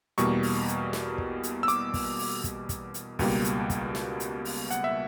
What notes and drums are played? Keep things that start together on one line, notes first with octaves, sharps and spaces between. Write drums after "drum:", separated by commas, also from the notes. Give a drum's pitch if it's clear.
E2 B2 G3 A#3 C#6, drum: hi-hat
drum: open hi-hat
drum: hi-hat
drum: snare
drum: kick
drum: hi-hat
E6
D6, drum: hi-hat
drum: kick, open hi-hat
drum: open hi-hat
drum: kick, hi-hat
drum: kick, hi-hat
drum: hi-hat
C#2 B2 G3 A#3, drum: kick, open hi-hat
drum: hi-hat
drum: kick, hi-hat
drum: snare
drum: hi-hat
drum: open hi-hat
F#5, drum: hi-hat
E5